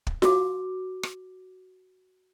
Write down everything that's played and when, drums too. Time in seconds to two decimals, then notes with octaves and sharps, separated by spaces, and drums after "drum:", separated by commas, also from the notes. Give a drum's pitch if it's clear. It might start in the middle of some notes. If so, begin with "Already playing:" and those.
0.07 drum: kick
0.22 F#4 D6, drum: snare F4
1.03 drum: rim click